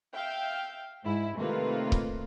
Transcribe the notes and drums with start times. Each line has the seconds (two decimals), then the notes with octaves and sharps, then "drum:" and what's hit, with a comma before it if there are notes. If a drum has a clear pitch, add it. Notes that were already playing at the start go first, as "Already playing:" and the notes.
0.15 E5 F5 G5
1.04 G#2 E4
1.36 C3 D#3 A3 A#3 F4 B4
1.92 drum: kick C#1